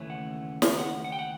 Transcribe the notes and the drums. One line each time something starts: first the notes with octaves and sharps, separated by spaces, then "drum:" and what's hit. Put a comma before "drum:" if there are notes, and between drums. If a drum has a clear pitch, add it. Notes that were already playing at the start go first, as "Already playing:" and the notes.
Already playing: D#2 C#3 E3 A3 C#4
F#5
drum: snare
F#5
F#5
G5
F#5